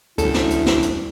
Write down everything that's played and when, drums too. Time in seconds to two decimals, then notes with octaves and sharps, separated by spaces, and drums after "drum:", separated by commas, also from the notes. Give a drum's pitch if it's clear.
0.18 D2 G3 C#4 E4 A4, drum: hi-hat
0.34 drum: snare
0.50 drum: hi-hat
0.66 drum: snare
0.82 drum: hi-hat